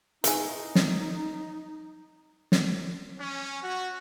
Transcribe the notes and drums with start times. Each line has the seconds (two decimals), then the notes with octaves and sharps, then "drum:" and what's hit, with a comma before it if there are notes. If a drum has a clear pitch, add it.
0.24 E3 D#4 G#4, drum: hi-hat
0.75 drum: snare
2.52 drum: snare
3.19 C#4
3.63 F#4